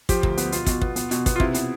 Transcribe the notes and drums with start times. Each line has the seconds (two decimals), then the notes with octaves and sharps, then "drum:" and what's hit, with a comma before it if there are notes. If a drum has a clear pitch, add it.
0.09 F3 G4, drum: kick, hi-hat
0.23 D2, drum: kick
0.37 B3, drum: hi-hat
0.52 B2 F4, drum: hi-hat
0.66 B2, drum: kick, hi-hat
0.81 B3, drum: kick
0.96 B3, drum: hi-hat
1.11 B2, drum: hi-hat
1.26 B3, drum: kick, hi-hat
1.36 F4
1.40 C3 E4, drum: kick
1.54 B3, drum: hi-hat